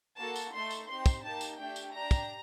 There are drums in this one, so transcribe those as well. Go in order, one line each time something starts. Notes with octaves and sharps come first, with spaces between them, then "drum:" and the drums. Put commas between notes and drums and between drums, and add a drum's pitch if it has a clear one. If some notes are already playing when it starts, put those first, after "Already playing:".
A#3 F#4 A4 A5
drum: tambourine
A3 D#4 A4 C6
drum: tambourine
C4 D#4 G4 C6
drum: kick, tambourine
A#3 D#4 G4 A5
drum: tambourine
A3 D4 G4 G5
drum: tambourine
D4 G4 A#5
drum: kick, tambourine